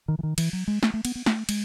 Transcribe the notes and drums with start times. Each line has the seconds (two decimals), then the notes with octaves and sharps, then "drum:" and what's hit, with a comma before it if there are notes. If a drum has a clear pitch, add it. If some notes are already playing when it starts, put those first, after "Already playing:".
0.08 D#3
0.19 E3
0.23 D#3
0.38 E3, drum: cymbal
0.53 F#3
0.68 G#3
0.83 A3, drum: snare
0.94 A3
1.05 B3, drum: cymbal
1.15 B3
1.26 A3, drum: snare
1.49 G#3, drum: cymbal